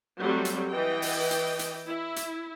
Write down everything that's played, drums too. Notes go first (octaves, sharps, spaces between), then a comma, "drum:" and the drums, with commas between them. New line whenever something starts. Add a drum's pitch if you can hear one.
F#3 G3 A3 C4
drum: hi-hat
E3 D#5 G5
drum: open hi-hat
drum: hi-hat
drum: hi-hat
E4
drum: hi-hat